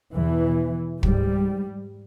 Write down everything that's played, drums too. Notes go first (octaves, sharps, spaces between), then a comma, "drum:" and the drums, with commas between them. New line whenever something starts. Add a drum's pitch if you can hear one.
E2 B2 E3
G#2 G3, drum: kick